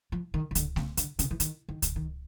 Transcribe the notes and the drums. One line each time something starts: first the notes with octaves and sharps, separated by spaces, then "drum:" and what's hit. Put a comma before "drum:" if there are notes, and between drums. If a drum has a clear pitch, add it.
F3
D#3
D#3
D3, drum: kick C#2, hi-hat
C#3, drum: snare A3
D3, drum: hi-hat
C#3, drum: hi-hat
E3
D#3, drum: hi-hat
D#3
drum: kick C#2, hi-hat
D#3